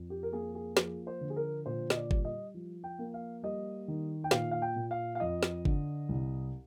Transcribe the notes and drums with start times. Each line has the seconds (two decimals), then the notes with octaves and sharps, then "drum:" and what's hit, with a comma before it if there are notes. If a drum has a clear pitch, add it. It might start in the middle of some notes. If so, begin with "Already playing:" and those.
Already playing: F2 F3
0.10 G4
0.23 A#4
0.32 A#3 G#4
0.55 G#4
0.77 F3 G#4, drum: snare
1.07 C5
1.21 D3
1.30 G#4
1.36 A#4
1.66 A#2 C5
1.90 D#5, drum: snare
1.96 D5
2.11 G3, drum: kick G1
2.25 D#5
2.54 F3
2.84 G5
2.99 A#3
3.14 F5
3.43 G3 D#5
3.88 D#3
4.24 G5
4.31 A#2 F5, drum: snare
4.51 F5
4.62 G5
4.76 A#2
4.91 F5
5.15 F5
5.20 F2 D#5
5.43 drum: snare
5.65 D3, drum: kick G1
6.09 C2